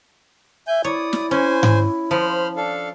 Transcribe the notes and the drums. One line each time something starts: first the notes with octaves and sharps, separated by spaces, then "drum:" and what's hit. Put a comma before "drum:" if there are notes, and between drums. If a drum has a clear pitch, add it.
E5 G#5 G6
E4 C#5 D5 D#6
drum: snare
C#4 C5 G#5
drum: tom G#2
F3 C5 B5 F6
D4 A4 F5